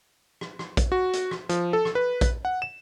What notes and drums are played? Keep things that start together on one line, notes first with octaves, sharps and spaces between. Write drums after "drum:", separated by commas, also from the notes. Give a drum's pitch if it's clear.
drum: rim click
drum: rim click
drum: kick A#1, hi-hat
F#4
drum: hi-hat
drum: rim click
F3, drum: hi-hat
A4
drum: rim click
B4
drum: kick A#1, hi-hat
F#5
E7